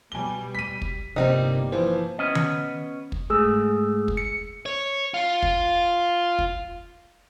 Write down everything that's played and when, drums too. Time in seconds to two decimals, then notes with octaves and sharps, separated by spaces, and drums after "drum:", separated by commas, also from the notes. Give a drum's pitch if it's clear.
0.12 B2 G3 G#5 G7
0.55 B6 D#7
0.82 drum: kick
1.16 G1 C3 G3 A#3 C4 D#4
1.72 E3 F3 C5
2.18 B3 C#4 D#5
2.35 drum: tom D#3
3.12 drum: kick
3.30 G#2 A3 G#4 E6
4.08 drum: kick
4.17 C#7
4.66 C#5
5.14 F4
5.43 drum: kick
6.39 drum: kick